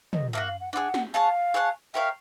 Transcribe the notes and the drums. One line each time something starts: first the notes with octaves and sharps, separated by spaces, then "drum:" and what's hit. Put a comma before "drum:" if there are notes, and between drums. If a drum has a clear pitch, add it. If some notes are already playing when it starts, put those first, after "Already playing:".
D#5, drum: tom
A#3 D4 F#4 E5
F5
F#5
D4 F4 G#4 F#5
drum: snare
G#4 C#5 F5 F#5 A5
G#4 C#5 F#5 A5
G4 A#4 C#5 E5 F5